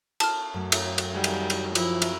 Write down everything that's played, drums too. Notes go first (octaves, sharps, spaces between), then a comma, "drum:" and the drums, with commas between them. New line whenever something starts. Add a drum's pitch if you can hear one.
A5 F6, drum: cymbal
F#2 A3
drum: cymbal
drum: cymbal
D#3 G3 C#4 F#4 G#4
drum: cymbal
drum: cymbal
F3 E4, drum: cymbal
drum: cymbal